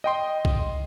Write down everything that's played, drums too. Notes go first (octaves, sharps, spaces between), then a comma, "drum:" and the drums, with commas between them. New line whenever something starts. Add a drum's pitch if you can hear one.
D#5 G5 C6
drum: kick